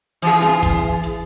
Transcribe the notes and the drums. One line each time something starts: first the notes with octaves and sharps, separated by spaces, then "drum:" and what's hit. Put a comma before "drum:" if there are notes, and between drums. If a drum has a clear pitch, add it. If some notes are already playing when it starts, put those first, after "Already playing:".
E3 F4 G#4, drum: hi-hat
drum: snare
drum: kick, hi-hat
drum: hi-hat